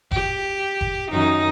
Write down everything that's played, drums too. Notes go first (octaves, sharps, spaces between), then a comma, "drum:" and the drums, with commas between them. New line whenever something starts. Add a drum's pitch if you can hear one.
G4, drum: kick F1
drum: kick F1
F#2 D#3 D#4